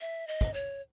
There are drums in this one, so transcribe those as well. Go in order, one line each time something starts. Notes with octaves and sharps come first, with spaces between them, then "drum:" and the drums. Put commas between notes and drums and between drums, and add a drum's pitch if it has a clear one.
E5
D#5
drum: kick, hi-hat
C#5